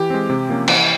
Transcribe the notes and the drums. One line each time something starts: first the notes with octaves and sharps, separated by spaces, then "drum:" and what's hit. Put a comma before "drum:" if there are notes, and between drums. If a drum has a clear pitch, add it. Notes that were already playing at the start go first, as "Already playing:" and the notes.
Already playing: E3 G4
G#3 C4
C3
F3 A#3 C#4
E3, drum: cymbal